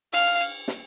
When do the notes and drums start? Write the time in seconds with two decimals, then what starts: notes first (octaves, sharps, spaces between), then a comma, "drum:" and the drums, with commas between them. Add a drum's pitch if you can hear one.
0.14 F5, drum: cymbal
0.41 drum: cymbal
0.68 drum: snare